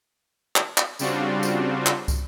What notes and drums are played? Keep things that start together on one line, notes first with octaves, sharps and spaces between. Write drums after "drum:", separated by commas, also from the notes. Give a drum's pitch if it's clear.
drum: clap
drum: clap
C#3 G3 C4 D4 F4 F#4, drum: tambourine
drum: tambourine
drum: clap
drum: kick, tambourine